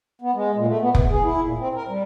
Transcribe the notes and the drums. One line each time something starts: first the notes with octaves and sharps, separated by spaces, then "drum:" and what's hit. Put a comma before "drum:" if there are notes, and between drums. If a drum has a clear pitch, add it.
B3
G#3
A#2
A3
B3
E2, drum: kick F1
G#4
E4
A#2
C4
A#4
G3